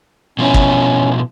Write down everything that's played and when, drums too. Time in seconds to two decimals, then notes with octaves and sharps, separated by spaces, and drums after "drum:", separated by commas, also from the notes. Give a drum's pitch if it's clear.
0.39 B2 F3 C#4 E4
0.54 drum: kick